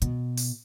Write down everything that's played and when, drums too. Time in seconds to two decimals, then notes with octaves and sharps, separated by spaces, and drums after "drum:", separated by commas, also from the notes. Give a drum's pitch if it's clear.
0.02 B2, drum: hi-hat
0.38 drum: open hi-hat